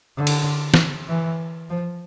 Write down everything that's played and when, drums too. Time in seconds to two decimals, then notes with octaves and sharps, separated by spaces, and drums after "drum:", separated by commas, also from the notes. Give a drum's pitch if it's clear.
0.16 D3
0.27 drum: cymbal
0.74 drum: snare
1.08 E3
1.69 F3